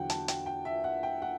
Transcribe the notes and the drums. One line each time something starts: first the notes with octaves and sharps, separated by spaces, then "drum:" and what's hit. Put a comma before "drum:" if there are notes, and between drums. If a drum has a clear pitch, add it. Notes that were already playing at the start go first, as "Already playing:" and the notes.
Already playing: E2 D3 F#3 F#5 G5
A5, drum: hi-hat
G5, drum: hi-hat
G5
E5
F#5
G5
F#5